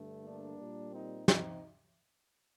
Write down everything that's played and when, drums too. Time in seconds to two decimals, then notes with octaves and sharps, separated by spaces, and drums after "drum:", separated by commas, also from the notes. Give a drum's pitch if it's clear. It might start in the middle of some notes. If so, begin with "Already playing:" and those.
Already playing: G2 D3 A3
0.23 A#3 D4
0.58 A#2 G3
0.92 C4 D#4
1.28 C4 D#4, drum: snare